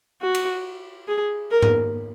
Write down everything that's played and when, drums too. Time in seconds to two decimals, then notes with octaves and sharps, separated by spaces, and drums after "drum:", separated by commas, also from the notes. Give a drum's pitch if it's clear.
0.22 F#4
0.34 drum: cymbal
1.08 G#4
1.51 A#4
1.62 drum: tom G#2